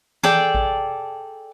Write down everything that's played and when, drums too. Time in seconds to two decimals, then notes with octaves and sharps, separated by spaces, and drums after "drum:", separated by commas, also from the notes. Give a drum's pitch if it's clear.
0.23 G#4 A4 D5 G5, drum: tom E3
0.54 drum: kick G#1